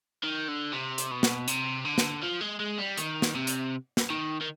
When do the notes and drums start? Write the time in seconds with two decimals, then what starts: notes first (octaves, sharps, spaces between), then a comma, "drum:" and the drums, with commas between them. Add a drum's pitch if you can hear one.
0.23 D#3
0.48 D3
0.73 C3
0.98 drum: hi-hat
1.11 B2
1.23 drum: snare
1.48 C3, drum: hi-hat
1.85 D3
1.98 drum: snare
2.22 F3
2.41 G#3
2.60 G#3
2.78 G3
2.98 D#3, drum: hi-hat
3.22 drum: snare
3.35 C3
3.47 drum: hi-hat
3.97 drum: snare
4.10 D#3
4.41 D#3